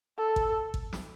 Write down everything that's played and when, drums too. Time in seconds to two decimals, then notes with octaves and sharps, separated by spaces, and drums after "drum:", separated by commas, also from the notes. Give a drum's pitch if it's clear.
0.18 A4
0.36 drum: kick A1
0.74 drum: kick A1
0.93 drum: snare